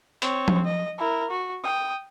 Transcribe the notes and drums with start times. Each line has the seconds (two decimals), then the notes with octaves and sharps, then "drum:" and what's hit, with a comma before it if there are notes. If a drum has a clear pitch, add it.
0.22 C4 C#5, drum: hi-hat
0.48 drum: tom F3
0.64 D#5
0.98 E4 A#4
1.30 F#4
1.64 G5 D#6